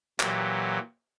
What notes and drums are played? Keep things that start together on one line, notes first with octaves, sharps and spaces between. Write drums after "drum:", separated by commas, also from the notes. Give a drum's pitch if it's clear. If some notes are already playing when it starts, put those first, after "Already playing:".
A#2 E3 F#3 G4, drum: clap